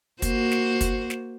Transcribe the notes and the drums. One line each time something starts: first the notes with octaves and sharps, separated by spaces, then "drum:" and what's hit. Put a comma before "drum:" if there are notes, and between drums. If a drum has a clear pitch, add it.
A#3 F#4 C5, drum: kick, hi-hat
drum: snare
drum: kick, hi-hat
drum: snare